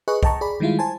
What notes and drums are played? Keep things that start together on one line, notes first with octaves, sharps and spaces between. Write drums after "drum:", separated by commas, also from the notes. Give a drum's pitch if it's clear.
G#4 B4 D#5 C#6 F#6
D#5 G5 A5 A#5 C#6, drum: kick A#1
G#4 D5 B5
D#3 G3 G#3 E4 F4
C5 G#5 A5